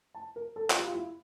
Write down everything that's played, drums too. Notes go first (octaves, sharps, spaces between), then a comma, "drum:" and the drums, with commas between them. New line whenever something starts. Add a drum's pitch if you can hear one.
A5
A#4
A4
F4, drum: clap
G4
F4
E4